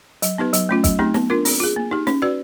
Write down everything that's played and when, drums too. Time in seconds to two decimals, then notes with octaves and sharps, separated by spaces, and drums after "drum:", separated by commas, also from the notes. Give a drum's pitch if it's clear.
0.22 F#3, drum: hi-hat
0.38 B3 D#4 G4 B4
0.53 F#3, drum: hi-hat
0.69 A3 C#4 F4
0.84 F#3, drum: kick, hi-hat
0.99 A3 C4 D#4 G4
1.14 B3, drum: snare
1.30 D4 F4 A#4
1.45 C4, drum: open hi-hat
1.60 F4 G#4
1.76 A#3
1.91 D#4 G4
2.07 C#4, drum: snare
2.22 F#4 B4 D5